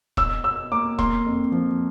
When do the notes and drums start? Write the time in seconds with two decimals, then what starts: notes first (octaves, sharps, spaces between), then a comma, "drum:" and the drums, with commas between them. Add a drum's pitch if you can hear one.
0.17 B2 E6, drum: kick E1
0.44 B2 E6
0.72 A#3 D6
0.99 A#3 C6, drum: kick E1
1.26 F2
1.52 F3